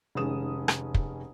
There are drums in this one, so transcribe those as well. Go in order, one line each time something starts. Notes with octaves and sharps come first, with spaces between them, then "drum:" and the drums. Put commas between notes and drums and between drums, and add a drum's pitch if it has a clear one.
F1 D#3 G#3 C#4 D#6 E7
drum: rim click
drum: kick